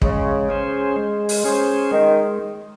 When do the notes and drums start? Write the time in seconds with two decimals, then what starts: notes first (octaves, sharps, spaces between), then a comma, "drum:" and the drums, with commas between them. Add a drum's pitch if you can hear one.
0.02 C#3 G#3, drum: kick
0.49 C#4 G#4 C5
0.96 G#3
1.29 drum: open hi-hat
1.44 C#4 G#4 C5
1.91 D#3 G#3